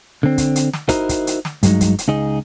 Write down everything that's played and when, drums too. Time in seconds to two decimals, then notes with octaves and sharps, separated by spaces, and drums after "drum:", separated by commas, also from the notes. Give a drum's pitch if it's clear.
0.23 D3 C4
0.38 drum: kick, hi-hat
0.56 drum: hi-hat
0.73 drum: snare
0.89 D#4 E4 F#4 A#4 C5 D#5, drum: kick, hi-hat
1.09 drum: kick, hi-hat
1.27 drum: hi-hat
1.45 drum: snare
1.63 G2 F#3 G#3 D#4, drum: kick, hi-hat
1.81 drum: kick, hi-hat
1.98 drum: hi-hat
2.08 C#2 D#4 G#4 D#5